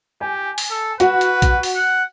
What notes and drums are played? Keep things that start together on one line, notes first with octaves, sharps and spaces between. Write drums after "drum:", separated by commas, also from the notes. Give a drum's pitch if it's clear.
G4 G#5
drum: open hi-hat
A4
F#4 B4, drum: hi-hat
drum: hi-hat
drum: kick B1, hi-hat
drum: open hi-hat
F#5